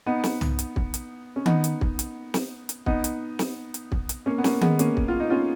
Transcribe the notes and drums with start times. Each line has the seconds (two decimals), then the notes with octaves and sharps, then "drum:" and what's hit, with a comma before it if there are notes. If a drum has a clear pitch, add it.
0.06 B3 D#4
0.24 drum: snare
0.41 drum: tom
0.59 drum: hi-hat
0.76 drum: kick
0.94 drum: hi-hat
1.36 C#4
1.46 B3 D#4, drum: tom D#3
1.64 drum: hi-hat
1.81 drum: kick
1.99 drum: hi-hat
2.34 drum: snare
2.69 drum: hi-hat
2.86 B3 D#4, drum: kick
3.04 drum: hi-hat
3.39 drum: snare
3.74 drum: hi-hat
3.92 drum: kick
4.09 drum: hi-hat
4.26 A#3 C#4
4.38 B3
4.44 A#3 C#4, drum: snare
4.61 G#3 B3, drum: tom D#3
4.79 A#3 C#4, drum: hi-hat
4.97 drum: kick
5.08 F4
5.20 D#4
5.30 C#4 F4